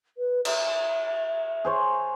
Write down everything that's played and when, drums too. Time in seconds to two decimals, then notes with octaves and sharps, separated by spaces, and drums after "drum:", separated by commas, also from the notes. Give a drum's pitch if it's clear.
0.17 B4
0.45 E5, drum: cymbal
1.65 G#4 C5 C#5